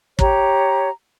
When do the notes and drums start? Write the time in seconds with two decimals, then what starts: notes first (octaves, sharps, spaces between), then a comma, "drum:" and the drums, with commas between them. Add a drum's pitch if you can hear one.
0.19 G4 C#5 A#5, drum: kick